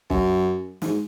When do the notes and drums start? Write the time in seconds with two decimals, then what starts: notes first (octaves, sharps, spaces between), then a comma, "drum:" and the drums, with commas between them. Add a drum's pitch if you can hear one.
0.10 F#2, drum: kick B1
0.82 G#2, drum: snare